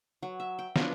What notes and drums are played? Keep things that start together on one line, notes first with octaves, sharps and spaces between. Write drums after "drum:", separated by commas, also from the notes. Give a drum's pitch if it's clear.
F#3
E5
G5
F3 F#3 B3 D4, drum: snare